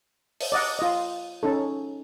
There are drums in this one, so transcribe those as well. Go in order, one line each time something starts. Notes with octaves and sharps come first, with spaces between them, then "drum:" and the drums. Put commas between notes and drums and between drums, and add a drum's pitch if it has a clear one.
drum: open hi-hat
D5 D#5 F#5
F4 D#5
C#4 D#4 A4